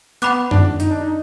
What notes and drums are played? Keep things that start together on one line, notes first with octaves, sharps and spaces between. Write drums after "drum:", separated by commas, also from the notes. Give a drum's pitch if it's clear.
B3 F#5 B5 D6 F#6, drum: hi-hat
D4, drum: tom F#2
D#4, drum: hi-hat
D4
D#4